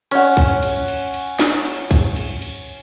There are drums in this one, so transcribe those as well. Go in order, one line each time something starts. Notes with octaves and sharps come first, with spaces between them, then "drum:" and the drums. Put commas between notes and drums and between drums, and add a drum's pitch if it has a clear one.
C#4 F#5, drum: cymbal
drum: kick, cymbal
drum: cymbal
drum: cymbal
drum: cymbal
drum: snare
drum: cymbal
drum: kick, cymbal
drum: cymbal
drum: cymbal